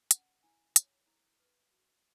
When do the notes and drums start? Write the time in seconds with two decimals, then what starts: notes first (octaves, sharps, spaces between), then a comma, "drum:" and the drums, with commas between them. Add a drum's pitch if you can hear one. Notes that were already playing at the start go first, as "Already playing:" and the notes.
0.11 C#4 F#5, drum: hi-hat
0.43 E4 G#5
0.76 C#5, drum: hi-hat
1.07 E4
1.40 B4
1.71 F#4